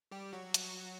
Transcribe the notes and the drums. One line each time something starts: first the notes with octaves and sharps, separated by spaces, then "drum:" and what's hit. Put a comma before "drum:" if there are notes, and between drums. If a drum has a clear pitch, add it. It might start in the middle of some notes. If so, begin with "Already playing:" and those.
G3 G4
F#3 F#4
drum: hi-hat